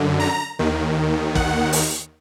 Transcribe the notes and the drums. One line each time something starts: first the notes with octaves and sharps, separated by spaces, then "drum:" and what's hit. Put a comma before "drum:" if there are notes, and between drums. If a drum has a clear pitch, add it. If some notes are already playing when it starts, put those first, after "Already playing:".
Already playing: F#2 D3
A#5
D#2 D#3
F#5, drum: kick
drum: open hi-hat